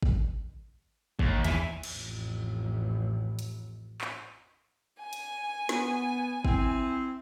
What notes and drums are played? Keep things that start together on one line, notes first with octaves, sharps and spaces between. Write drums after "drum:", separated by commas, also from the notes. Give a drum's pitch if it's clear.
drum: kick
D#2, drum: kick
E2 E5 G#5, drum: hi-hat
drum: cymbal
A1 F2
drum: hi-hat
drum: clap
G#5
drum: hi-hat
B3, drum: snare
C4 E4, drum: kick